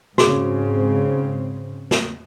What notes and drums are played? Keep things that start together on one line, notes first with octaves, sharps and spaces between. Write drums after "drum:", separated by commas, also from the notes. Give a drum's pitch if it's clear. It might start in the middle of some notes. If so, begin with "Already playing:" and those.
G#2 C#3 C4 F#4 G#4, drum: snare
drum: snare